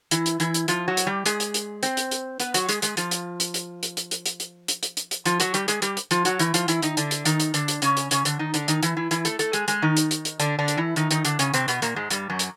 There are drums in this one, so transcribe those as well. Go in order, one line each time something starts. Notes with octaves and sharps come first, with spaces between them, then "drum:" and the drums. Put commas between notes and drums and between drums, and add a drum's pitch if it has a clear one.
E3 E4, drum: hi-hat
drum: hi-hat
E3 E4, drum: hi-hat
drum: hi-hat
F3 F4, drum: hi-hat
F#3 F#4
drum: hi-hat
G3 G4
G#3 G#4, drum: hi-hat
drum: hi-hat
drum: hi-hat
C4 C5, drum: hi-hat
drum: hi-hat
drum: hi-hat
B3 B4, drum: hi-hat
F#3 F#4, drum: hi-hat
G#3 G#4, drum: hi-hat
G#3 G#4, drum: hi-hat
F3 F4, drum: hi-hat
drum: hi-hat
drum: hi-hat
drum: hi-hat
drum: hi-hat
drum: hi-hat
drum: hi-hat
drum: hi-hat
drum: hi-hat
drum: hi-hat
drum: hi-hat
drum: hi-hat
drum: hi-hat
F3 F4, drum: hi-hat
F#3 F#4, drum: hi-hat
G3 G4, drum: hi-hat
G#3 G#4, drum: hi-hat
G3 G4, drum: hi-hat
drum: hi-hat
F3 F4, drum: hi-hat
F#3 F#4, drum: hi-hat
E3 E4, drum: hi-hat
F3 F4, drum: hi-hat
E3 E4, drum: hi-hat
D#3 D#4, drum: hi-hat
D3 D4, drum: hi-hat
drum: hi-hat
D#3 D#4, drum: hi-hat
drum: hi-hat
D3 D4, drum: hi-hat
drum: hi-hat
C#3 C#4, drum: hi-hat
drum: hi-hat
C#3 C#4, drum: hi-hat
D3 D4, drum: hi-hat
D#3 D#4
D3 D4, drum: hi-hat
D#3 D#4, drum: hi-hat
E3 E4, drum: hi-hat
E3 E4
E3 E4, drum: hi-hat
A3 A4, drum: hi-hat
A3 A4, drum: hi-hat
G#3 G#4, drum: hi-hat
G#3 G#4, drum: hi-hat
D#3 D#4
drum: hi-hat
drum: hi-hat
drum: hi-hat
D3 D4, drum: hi-hat
D3 D4
drum: hi-hat
E3 E4
D#3 D#4, drum: hi-hat
D#3 D#4, drum: hi-hat
D3 D4, drum: hi-hat
C#3 C#4, drum: hi-hat
C3 C4, drum: hi-hat
B2 B3, drum: hi-hat
A#2 A#3, drum: hi-hat
G#2 G#3
G2 G3, drum: hi-hat
F#2 F#3
drum: hi-hat